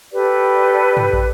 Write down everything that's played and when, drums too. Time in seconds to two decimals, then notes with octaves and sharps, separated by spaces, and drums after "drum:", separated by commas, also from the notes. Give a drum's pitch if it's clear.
0.12 G4 A4 B4 D5
0.97 drum: tom
1.13 drum: kick